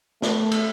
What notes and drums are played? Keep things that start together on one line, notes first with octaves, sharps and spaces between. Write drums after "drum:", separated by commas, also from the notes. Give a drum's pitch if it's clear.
A3, drum: snare
drum: cymbal